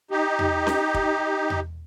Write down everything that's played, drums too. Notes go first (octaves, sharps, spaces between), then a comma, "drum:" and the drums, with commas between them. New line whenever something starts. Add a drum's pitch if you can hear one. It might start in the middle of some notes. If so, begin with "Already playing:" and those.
D#4 G4
drum: tom E2
drum: snare C#4
drum: kick
drum: tom E2